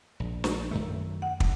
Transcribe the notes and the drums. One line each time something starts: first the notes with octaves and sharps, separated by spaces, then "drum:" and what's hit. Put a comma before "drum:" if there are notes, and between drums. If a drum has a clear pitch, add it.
A#1
drum: snare
F#2 D#3 A3
F#5
drum: kick